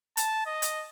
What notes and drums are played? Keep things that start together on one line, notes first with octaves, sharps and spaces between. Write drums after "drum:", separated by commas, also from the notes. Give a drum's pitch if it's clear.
A5, drum: hi-hat
D#5
drum: hi-hat